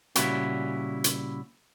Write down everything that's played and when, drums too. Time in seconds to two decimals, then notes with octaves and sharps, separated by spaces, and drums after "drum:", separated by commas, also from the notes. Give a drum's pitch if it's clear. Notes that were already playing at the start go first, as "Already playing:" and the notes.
0.15 A#2 C#3 G3 C#4 E4 F#4, drum: hi-hat
1.04 drum: hi-hat